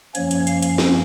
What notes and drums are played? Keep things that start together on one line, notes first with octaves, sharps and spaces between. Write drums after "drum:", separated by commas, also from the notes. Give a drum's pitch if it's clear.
F#2 F3 A#3 C#4 C#5, drum: hi-hat
drum: hi-hat
F5, drum: hi-hat
drum: hi-hat
drum: snare